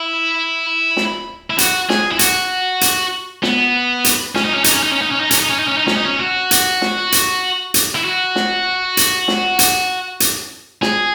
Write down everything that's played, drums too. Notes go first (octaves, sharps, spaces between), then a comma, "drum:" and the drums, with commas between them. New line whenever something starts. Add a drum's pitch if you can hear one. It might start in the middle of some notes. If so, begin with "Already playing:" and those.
Already playing: E4
drum: snare
E4
F#4, drum: hi-hat
G#4, drum: snare
E4
F#4, drum: hi-hat
drum: hi-hat
B3, drum: snare
drum: hi-hat
C#4, drum: snare
D#4
C#4
D#4, drum: hi-hat
C#4
D#4
C#4
D#4
C#4
D#4
C#4, drum: hi-hat
D#4
C#4
D#4
C#4
D#4
C#4, drum: snare
D#4
C#4
F#4
drum: hi-hat
drum: snare
drum: hi-hat
drum: hi-hat
E4
F#4
drum: snare
drum: hi-hat
drum: snare
drum: hi-hat
drum: hi-hat
G#4, drum: snare